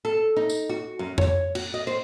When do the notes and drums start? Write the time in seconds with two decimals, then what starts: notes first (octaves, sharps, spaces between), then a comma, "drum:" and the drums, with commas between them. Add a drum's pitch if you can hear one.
0.05 A4
0.37 D#4
0.49 drum: tambourine
0.69 F#4
0.99 F#2
1.18 C#5, drum: tom F2
1.55 F#4, drum: cymbal
1.74 D#5
1.87 C5